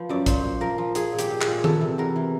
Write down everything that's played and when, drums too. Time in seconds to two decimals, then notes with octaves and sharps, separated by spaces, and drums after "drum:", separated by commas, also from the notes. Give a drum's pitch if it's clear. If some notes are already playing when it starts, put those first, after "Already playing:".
Already playing: F3 B4
0.09 F#2 D5
0.26 A#2 C5, drum: kick A#1, hi-hat
0.43 A#2
0.60 F3 A#4
0.78 F3
0.95 F3 G#4, drum: hi-hat
1.12 A#2
1.19 G4, drum: hi-hat
1.30 A#2
1.41 G#4, drum: clap
1.48 A#2
1.64 E2 A4, drum: tom D#3
1.81 C3
1.98 E2 A#4
2.16 E3